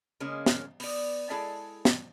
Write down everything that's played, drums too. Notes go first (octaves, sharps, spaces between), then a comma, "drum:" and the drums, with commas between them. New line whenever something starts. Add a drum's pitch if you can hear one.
C#3 G#3 A#3 C#4
drum: snare
B3 D5, drum: open hi-hat
G#3 E4 G#4 A4 D5 A5
drum: snare